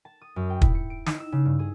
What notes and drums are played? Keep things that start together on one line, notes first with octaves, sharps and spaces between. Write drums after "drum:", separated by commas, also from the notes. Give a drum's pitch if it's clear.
A5
D#6
F#2
G5
E4, drum: kick
C#7
D7
D#4, drum: snare
E6
C#3
G2
G#4